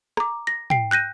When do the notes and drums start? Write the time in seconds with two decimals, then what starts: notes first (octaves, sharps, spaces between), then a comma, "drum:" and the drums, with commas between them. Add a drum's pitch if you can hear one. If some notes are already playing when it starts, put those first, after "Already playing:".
0.17 A#5 D6, drum: rim click
0.47 A#6
0.70 G5 C7, drum: tom
0.91 F#6 G6 A#6 D#7